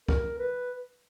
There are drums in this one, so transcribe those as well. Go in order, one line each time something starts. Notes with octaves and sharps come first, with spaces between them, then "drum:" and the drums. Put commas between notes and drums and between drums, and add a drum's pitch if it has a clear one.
A#4, drum: kick
B4